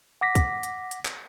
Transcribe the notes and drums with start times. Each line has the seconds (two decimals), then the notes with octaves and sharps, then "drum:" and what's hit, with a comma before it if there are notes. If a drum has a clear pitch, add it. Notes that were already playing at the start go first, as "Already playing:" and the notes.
0.21 F#5 D6 A#6 B6
0.35 drum: kick, hi-hat
0.63 drum: hi-hat
0.91 drum: hi-hat
1.05 drum: clap